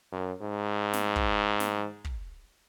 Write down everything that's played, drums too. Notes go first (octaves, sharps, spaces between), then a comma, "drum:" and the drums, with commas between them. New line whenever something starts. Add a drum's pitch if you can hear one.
F#2
G#2
drum: snare
drum: kick
drum: snare
drum: kick